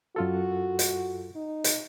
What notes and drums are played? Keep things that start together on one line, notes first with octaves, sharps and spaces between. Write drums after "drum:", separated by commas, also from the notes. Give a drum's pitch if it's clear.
F#2 F4 F#4 A4
drum: hi-hat
D#4
drum: hi-hat